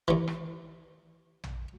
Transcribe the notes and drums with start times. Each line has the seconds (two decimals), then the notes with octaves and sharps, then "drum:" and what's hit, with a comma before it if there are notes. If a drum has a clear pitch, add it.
0.08 D#2 E3, drum: kick
0.28 drum: rim click
1.44 drum: tom